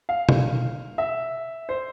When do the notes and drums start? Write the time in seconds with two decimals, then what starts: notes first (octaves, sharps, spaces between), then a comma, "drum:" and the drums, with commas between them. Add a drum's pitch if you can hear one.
0.09 F5
0.29 drum: tom B2
0.98 E5
1.69 C5